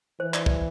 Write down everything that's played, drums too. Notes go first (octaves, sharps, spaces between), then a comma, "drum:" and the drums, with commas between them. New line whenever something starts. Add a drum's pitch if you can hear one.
E3 C5
D5, drum: clap
D5, drum: kick